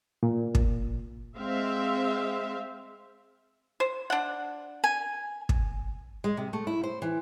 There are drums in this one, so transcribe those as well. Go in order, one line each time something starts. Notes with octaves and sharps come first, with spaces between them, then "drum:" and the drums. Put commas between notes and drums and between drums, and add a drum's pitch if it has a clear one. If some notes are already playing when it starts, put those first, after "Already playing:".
A#2
drum: kick
G#3 C4 E5 F5
C5
D4 F#5
G#5
drum: kick
G#3
C3
A3
E4
C5
E3